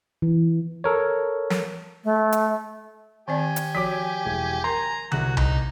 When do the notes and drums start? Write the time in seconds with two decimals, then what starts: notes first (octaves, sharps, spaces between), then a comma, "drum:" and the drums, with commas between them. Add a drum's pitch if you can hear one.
0.22 E3
0.84 A4 A#4 C#5
1.50 drum: snare
2.04 A3
2.32 drum: hi-hat
3.28 D#3 C4 G4 D5 G#5
3.56 drum: hi-hat
3.75 F3 F#4 C#5 D6 B6
4.26 E1
4.64 A#4 A#5 C6
5.12 C2 F#4 F#6, drum: tom D3
5.37 D#4, drum: tom C2